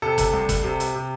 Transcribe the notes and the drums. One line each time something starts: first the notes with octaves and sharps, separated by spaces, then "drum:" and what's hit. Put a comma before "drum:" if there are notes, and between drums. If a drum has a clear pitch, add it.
C3 A4
drum: kick, hi-hat
C2
drum: kick, hi-hat
C3
drum: hi-hat
C3